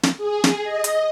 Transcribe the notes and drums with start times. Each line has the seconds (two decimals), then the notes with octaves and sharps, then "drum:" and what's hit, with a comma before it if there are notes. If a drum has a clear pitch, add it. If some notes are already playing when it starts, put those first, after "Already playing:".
0.03 drum: snare
0.18 G#4
0.44 drum: snare
0.64 D#5
0.84 drum: hi-hat